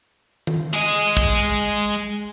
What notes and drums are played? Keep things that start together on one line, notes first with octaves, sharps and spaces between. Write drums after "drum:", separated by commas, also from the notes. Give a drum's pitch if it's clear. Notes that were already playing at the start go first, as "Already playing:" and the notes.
drum: tom D#3
G#3 D#5
drum: kick